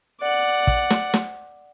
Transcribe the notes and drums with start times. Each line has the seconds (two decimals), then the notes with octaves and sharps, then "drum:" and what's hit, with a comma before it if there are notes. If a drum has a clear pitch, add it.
0.21 D5 F#5
0.67 drum: kick
0.90 drum: snare
1.14 drum: snare